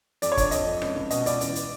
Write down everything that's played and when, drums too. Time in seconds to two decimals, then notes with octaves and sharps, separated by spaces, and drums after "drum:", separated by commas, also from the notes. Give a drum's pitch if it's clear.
0.22 F2 D5, drum: hi-hat
0.32 C#5
0.37 D3 D5, drum: kick, hi-hat
0.51 F2 D#5, drum: hi-hat
0.66 F2
0.82 C#2, drum: rim click
0.96 C#2
1.10 B2 D#5, drum: hi-hat
1.26 C#2 D5, drum: hi-hat
1.41 E2, drum: hi-hat
1.55 drum: hi-hat